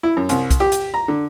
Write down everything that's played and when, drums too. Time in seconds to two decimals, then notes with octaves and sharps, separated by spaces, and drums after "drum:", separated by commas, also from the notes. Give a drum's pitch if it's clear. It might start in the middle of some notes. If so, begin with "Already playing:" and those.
0.03 E4
0.17 F#2
0.29 C2, drum: hi-hat
0.51 drum: kick B1, hi-hat
0.60 G4
0.72 drum: hi-hat
0.94 A#5
1.08 D3